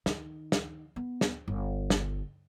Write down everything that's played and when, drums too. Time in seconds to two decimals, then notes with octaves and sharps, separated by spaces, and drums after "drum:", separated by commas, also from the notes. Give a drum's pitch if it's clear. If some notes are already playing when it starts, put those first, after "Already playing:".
0.06 D#3, drum: snare
0.52 drum: snare
0.96 B3
1.21 drum: snare
1.48 G1
1.90 drum: snare